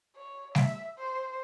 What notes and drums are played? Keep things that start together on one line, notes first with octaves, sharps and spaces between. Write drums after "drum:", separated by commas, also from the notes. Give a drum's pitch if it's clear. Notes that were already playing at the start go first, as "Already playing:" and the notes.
C#5
E5, drum: snare G3
C5